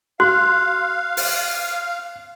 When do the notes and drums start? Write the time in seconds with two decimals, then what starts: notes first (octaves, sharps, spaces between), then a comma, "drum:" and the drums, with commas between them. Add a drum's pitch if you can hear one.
0.20 F#4 F5 C6 F#6
1.17 drum: open hi-hat